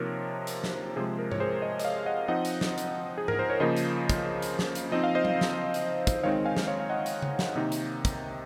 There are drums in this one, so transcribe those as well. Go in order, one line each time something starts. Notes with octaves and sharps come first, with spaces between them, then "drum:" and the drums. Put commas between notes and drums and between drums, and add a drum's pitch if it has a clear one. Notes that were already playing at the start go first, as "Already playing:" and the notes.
Already playing: C3 F3 A#3 D#4 A#4 C#5
drum: hi-hat
drum: snare
C3 F3 G#3 G#4 C5
A#4
C#5, drum: tom G#2
G#4 C5
C5 D#5
D#5, drum: hi-hat
C#5 F5
D#5 F#5
F3 C4 D#4 D#5 F#5
drum: hi-hat
drum: snare
drum: hi-hat
G#4
A#4, drum: tom G#2
C5
C#5
C#3 F3 A#3 C5 D#5
drum: hi-hat
drum: kick, hi-hat
drum: hi-hat
drum: snare
drum: hi-hat
F3 C4 D#4 D#5
F5
C5 D#5
drum: tom F#3
drum: snare
drum: hi-hat
drum: kick, hi-hat
D#3 G#3 C4 D#4 C#5 F5
F5 G#5
drum: snare
C#5 F5
F5
D#5 F#5
drum: hi-hat
drum: tom C#3
drum: snare
C3 D#3 A#3 D#4
drum: hi-hat
drum: kick, hi-hat